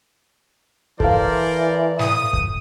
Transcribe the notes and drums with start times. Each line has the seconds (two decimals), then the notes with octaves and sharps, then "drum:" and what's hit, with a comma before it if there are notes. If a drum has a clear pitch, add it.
1.00 E3 A4 A#4 C5 D5 F5, drum: kick
1.99 D#6, drum: snare
2.33 drum: kick